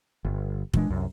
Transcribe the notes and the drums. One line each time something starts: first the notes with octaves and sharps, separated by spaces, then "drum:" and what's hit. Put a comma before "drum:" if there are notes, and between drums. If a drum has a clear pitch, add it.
G1
A#2 E3 G#3 D4, drum: kick
C2 F#2